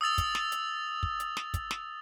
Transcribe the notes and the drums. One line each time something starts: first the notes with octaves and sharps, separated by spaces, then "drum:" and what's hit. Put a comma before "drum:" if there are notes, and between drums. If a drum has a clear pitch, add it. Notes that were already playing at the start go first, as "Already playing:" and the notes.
D#6 E6 A6 F7
drum: kick, hi-hat
drum: snare
drum: hi-hat
drum: kick
drum: hi-hat
drum: snare
drum: kick, hi-hat
drum: snare